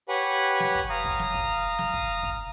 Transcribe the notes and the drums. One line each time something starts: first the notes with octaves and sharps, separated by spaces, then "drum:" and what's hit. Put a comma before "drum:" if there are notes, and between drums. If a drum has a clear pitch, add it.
G4 B4 C#5 F#5 G#5
drum: snare
drum: kick
F5 A#5 D#6
drum: kick
drum: snare
drum: kick
drum: snare
drum: kick
drum: kick